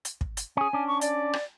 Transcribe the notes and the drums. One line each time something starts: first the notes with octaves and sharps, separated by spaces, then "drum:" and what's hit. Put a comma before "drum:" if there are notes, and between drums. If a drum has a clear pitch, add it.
drum: hi-hat
drum: kick
drum: hi-hat
C#4 G#4 G#5
C#4 D4
C#6
D5, drum: hi-hat
drum: rim click